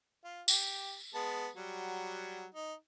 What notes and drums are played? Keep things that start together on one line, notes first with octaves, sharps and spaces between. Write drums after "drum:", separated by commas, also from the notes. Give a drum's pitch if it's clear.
F4
G4, drum: tambourine
G#3 B3 A5
F#3 G3 F#5
D#4